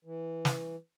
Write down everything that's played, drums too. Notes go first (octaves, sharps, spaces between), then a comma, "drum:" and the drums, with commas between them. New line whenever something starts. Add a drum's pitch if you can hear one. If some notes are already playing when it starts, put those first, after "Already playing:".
E3
drum: snare